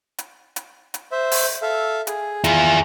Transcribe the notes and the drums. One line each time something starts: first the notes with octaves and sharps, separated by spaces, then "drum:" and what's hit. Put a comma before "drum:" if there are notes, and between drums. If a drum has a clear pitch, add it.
drum: hi-hat
drum: hi-hat
drum: hi-hat
C5 E5
drum: open hi-hat
A4 E5 F5
G#4, drum: hi-hat
E4 F4 G#4 A#5, drum: hi-hat